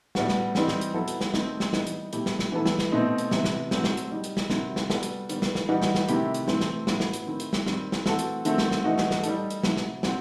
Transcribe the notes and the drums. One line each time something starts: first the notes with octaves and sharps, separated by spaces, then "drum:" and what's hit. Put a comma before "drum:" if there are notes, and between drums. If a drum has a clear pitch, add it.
A2 G3 B3 F#4, drum: snare
drum: snare
E3 G3 C4 D#4, drum: snare
drum: snare
drum: hi-hat
F#3 B3 E4 A4
drum: hi-hat
drum: snare
D#3 A3 C4 D#4, drum: snare
drum: snare
E3 G3 B3 D#4, drum: snare
drum: hi-hat
B2 A3 E4 G4, drum: hi-hat
drum: snare
drum: snare
E3 B3 E4 A4
drum: snare
drum: snare
B2 A3 C4 D#4
drum: hi-hat
C3 E3 B3, drum: snare
drum: snare
F#3 A3 C4, drum: snare
drum: snare
drum: hi-hat
G3 D#4 G4
drum: hi-hat
drum: snare
C3 D#3 F#3 C4 E4, drum: snare
drum: snare
G3 B3 F#4 A4, drum: snare
drum: hi-hat
D#3 G3 B3, drum: hi-hat
drum: snare
drum: snare
E3 G3 D#4 F#4
drum: snare
drum: snare
C3 D#3 A3 E4 G4, drum: hi-hat
drum: hi-hat
E3 A3 C4, drum: snare
drum: snare
A2 F#3 B3 E4, drum: snare
drum: snare
drum: hi-hat
D#3 A3 C4 E4
drum: hi-hat
drum: snare
D#3 G3 C4, drum: snare
drum: snare
E3 A3 C4 F#4 A4, drum: snare
drum: hi-hat
D#3 A3 C4 F#4 A4, drum: hi-hat
drum: snare
drum: snare
E3 A3 D#4 F#4
drum: snare
drum: snare
G3 D#4 A4, drum: hi-hat
drum: hi-hat
C3 F#3 A3 D#4, drum: snare
drum: snare
F#3 C4 F#4, drum: snare